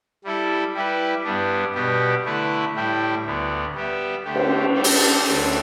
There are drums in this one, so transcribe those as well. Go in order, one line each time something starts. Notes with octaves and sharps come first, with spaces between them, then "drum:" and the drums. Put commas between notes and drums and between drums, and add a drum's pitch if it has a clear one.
G3 E4 A4
G3 E4 G4 B4
G2 G3 B3 D4
B2 G3 B3 G4
D3 A3 E4 B4
A2 G3 E4 G4
D2 D3 B3
G3 B3 G4 E5
D3 A3 G4
drum: cymbal
G3 D4 A4 D5
drum: open hi-hat
D2 D3 A3 D4